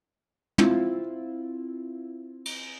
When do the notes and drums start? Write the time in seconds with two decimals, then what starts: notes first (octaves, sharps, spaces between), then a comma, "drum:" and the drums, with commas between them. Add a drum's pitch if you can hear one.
0.58 C4 E4 F4, drum: tom
2.45 drum: cymbal